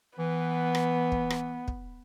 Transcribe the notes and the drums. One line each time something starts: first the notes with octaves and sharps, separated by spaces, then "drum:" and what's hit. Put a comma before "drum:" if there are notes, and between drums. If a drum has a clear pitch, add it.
E3 B3
drum: rim click
drum: kick
drum: rim click
drum: kick